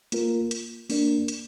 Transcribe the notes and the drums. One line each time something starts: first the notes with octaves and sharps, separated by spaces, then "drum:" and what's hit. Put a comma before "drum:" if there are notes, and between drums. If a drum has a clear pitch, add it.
A#3 F4 A#4, drum: hi-hat
drum: hi-hat
A#3 D4 A#4 D5, drum: open hi-hat
drum: hi-hat